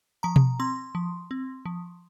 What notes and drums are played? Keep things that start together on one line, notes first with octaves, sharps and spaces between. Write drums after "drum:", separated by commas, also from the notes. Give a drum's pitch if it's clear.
F3 A#5
drum: tom B2
C4 C6
F3
C4
F3